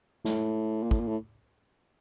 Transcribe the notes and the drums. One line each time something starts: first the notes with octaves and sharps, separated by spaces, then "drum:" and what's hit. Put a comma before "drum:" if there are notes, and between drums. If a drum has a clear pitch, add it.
A2, drum: snare
A#2
A2, drum: kick
A#2
A2